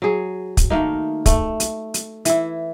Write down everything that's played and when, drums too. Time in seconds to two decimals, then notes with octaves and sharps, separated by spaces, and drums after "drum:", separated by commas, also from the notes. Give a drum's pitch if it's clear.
0.02 F#3 G#4
0.57 drum: kick, hi-hat
0.70 D#3 A3 A#3 D#4
1.26 A3, drum: kick, hi-hat
1.60 drum: hi-hat
1.94 drum: hi-hat
2.25 E3 E4, drum: hi-hat